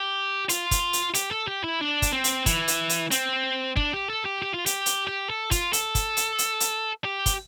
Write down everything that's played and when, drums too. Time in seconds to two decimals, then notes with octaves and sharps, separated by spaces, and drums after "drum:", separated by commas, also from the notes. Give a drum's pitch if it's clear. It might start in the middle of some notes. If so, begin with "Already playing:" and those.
Already playing: G4
0.49 F4, drum: hi-hat
0.71 drum: kick, hi-hat
0.93 drum: hi-hat
1.14 G4, drum: hi-hat
1.31 A4
1.48 G4
1.64 E4
1.81 D4
2.02 drum: kick, hi-hat
2.13 C4
2.24 drum: hi-hat
2.46 E3, drum: kick, hi-hat
2.68 drum: hi-hat
2.89 drum: hi-hat
3.11 C4, drum: hi-hat
3.77 D4, drum: kick
3.93 G4
4.10 A4
4.25 G4
4.42 G4
4.54 F4
4.66 G4, drum: hi-hat
4.86 drum: hi-hat
5.07 G4
5.30 A4
5.51 F4, drum: kick, hi-hat
5.73 A4, drum: hi-hat
5.95 drum: kick, hi-hat
6.17 drum: hi-hat
6.38 drum: hi-hat
6.60 drum: hi-hat
7.04 G4
7.26 drum: kick, hi-hat